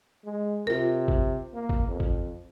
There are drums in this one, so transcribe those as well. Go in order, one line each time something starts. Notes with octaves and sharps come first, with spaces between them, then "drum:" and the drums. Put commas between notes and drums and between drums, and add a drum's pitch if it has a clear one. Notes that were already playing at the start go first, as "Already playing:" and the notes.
G#3
C3 F4 A#4
drum: kick G#1
A#3
drum: kick G#1
F2
drum: kick G#1